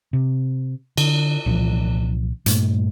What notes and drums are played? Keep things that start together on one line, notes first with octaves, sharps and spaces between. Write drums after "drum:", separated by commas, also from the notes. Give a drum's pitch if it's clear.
C3
D3, drum: cymbal
C2 A#2 E3 F3
G2 A#2 G3 A3, drum: hi-hat